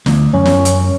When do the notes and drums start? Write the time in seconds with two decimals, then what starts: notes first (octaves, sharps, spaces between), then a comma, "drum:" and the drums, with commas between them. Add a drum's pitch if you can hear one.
0.06 D2, drum: snare
0.34 F#2 C#4
0.46 drum: snare
0.65 drum: hi-hat